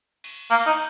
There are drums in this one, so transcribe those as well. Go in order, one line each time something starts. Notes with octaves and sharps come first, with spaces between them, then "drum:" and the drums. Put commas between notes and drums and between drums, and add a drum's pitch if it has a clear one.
drum: cymbal
A#3, drum: cymbal
D#4